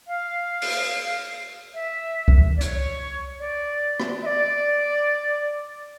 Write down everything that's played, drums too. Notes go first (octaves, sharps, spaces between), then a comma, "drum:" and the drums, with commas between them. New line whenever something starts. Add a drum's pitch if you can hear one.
F5
drum: open hi-hat
E5
drum: kick C2
D5
C#5, drum: hi-hat
D5
drum: rim click
E5
D5